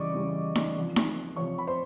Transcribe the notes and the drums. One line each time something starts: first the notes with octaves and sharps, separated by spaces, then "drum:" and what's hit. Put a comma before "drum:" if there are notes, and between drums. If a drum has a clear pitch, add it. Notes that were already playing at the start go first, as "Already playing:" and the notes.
Already playing: C#3 E3 G3 D5 D#5 C#6 D6
C#3 E3 G3
drum: snare D#4
C3 F3
drum: snare D#4
C3 F3 C#5 C#6
B5
C5 C6